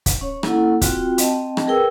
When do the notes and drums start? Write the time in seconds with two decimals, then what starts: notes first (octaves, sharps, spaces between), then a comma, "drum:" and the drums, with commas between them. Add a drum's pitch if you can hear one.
0.06 drum: kick, hi-hat
0.21 C#4 C#5
0.43 A#3 C#4 E4 A4 F#5, drum: rim click
0.81 C4 F4 F#4 G5, drum: kick, hi-hat
1.18 C4 D#5 G5 A5, drum: hi-hat
1.57 drum: rim click
1.67 G#4 A#4 B4 G5 E6